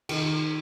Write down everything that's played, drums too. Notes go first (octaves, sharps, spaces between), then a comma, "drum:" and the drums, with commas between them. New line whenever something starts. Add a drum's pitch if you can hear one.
D#3, drum: cymbal